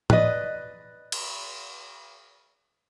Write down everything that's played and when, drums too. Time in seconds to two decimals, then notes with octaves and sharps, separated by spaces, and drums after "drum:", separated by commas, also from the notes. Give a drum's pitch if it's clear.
0.10 B4 D5 D#5, drum: tom
1.12 drum: cymbal